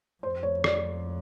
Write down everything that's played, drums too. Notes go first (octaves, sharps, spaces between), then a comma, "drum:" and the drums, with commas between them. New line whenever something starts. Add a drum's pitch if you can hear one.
F2 C5
C#5
D5, drum: rim click